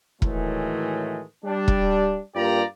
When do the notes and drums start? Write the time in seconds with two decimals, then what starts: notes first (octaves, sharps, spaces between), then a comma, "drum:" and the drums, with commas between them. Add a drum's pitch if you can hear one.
0.22 A2 D#3 E3 F#3 G#3 A3, drum: kick E1
1.45 G3 D4
1.68 drum: kick E1
2.35 G2 A#3 F4 G4 D5 A#5